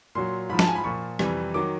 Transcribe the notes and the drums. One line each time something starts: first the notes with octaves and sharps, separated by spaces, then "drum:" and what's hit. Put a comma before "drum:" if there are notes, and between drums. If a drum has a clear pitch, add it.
A#2 F#3 C6
G#2 F3 B5
A5, drum: snare
G#5
B5
A#2 F3 C#6
F2 C3 E3 G3, drum: rim click
D#3 F#3 D6